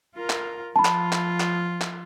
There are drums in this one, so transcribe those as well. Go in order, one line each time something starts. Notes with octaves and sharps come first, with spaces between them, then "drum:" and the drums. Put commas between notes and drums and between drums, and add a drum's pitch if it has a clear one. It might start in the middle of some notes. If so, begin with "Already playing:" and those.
F4 A#4
drum: clap
F3 F4 A5 B5
drum: clap
drum: clap
drum: clap
drum: clap